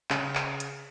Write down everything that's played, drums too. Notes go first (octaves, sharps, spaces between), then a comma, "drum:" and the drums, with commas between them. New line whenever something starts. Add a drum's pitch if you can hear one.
C#3, drum: clap
drum: clap
drum: hi-hat